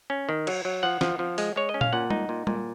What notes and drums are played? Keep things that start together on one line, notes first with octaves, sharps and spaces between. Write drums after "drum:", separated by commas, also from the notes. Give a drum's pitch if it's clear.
C#4
D#3
F#3, drum: cymbal
F#3
F3 F#5
F3, drum: snare
F3
G#3, drum: open hi-hat
G#3 C#5
D#5
C#4
F5, drum: tom A#2
A#2 F#5
D#4, drum: tom G3
A#2
A#2, drum: tom G3